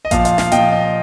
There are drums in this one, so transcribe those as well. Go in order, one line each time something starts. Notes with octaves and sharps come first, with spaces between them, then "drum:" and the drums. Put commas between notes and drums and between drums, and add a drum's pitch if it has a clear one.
D#5
A#2 F3 F5, drum: kick A1, hi-hat
F5, drum: hi-hat
F5, drum: snare
A#2 F3 D#5 G5, drum: hi-hat
D#5